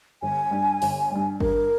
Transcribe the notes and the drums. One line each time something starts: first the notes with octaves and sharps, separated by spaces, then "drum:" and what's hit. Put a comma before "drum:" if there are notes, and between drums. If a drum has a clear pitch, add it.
G1 G#5
G2 G3
G1, drum: open hi-hat
G2 G3
G2 A#4, drum: kick G#1